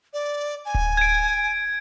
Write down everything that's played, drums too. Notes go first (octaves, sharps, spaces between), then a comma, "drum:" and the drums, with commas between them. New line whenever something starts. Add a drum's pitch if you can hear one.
D5
G#5
drum: kick D1
G#6 D7